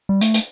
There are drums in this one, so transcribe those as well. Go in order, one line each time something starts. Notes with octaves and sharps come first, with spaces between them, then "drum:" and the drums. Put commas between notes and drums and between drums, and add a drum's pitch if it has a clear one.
G3
A3, drum: hi-hat
drum: hi-hat